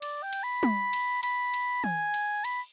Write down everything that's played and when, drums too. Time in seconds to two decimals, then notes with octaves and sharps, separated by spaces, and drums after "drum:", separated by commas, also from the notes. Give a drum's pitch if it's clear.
0.02 D5, drum: cymbal
0.23 G5
0.33 drum: cymbal
0.43 B5
0.63 drum: tom
0.93 drum: cymbal
1.23 B5, drum: cymbal
1.54 drum: cymbal
1.84 G#5, drum: tom
2.14 drum: cymbal
2.44 B5, drum: cymbal